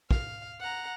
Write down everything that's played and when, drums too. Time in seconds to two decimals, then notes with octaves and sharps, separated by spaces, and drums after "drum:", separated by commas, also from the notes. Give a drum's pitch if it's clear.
0.11 F5, drum: kick
0.60 F#5 A#5